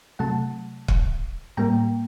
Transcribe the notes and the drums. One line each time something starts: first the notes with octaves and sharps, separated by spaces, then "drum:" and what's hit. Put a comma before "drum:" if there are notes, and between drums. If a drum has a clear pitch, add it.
C3 F#3 A3 F#5 A5
drum: kick
A2 G3 A#3 G5 A#5